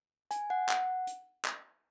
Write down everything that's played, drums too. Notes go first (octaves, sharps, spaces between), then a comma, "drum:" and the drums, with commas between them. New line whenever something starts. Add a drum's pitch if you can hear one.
G#5, drum: hi-hat
F#5
F#5, drum: clap
drum: hi-hat
drum: clap